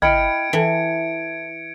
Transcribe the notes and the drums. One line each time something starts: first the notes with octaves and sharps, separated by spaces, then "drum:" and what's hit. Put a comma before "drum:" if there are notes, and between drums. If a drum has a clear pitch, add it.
E4 D#5 G5 B5 F6 G#6 C#7 D7, drum: tom
E3 E4 A4